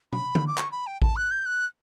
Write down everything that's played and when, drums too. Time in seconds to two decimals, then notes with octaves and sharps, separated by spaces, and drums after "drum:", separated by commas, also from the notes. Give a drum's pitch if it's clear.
0.13 B5, drum: tom
0.35 drum: tom
0.47 D6
0.58 C#6, drum: clap
0.72 B5
0.87 G5
1.02 A5, drum: kick A1
1.16 F#6
1.31 G6
1.46 F#6